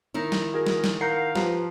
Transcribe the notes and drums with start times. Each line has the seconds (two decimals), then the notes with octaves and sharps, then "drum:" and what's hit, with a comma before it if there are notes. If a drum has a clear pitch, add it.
0.14 D#3 D#4 E4
0.32 drum: snare
0.54 F#4 G#4 A#4
0.66 drum: snare
0.84 drum: snare
1.01 A#4 F5 F#5 A#5 G6 C7 C#7
1.35 F3 G4 B4 A#5, drum: snare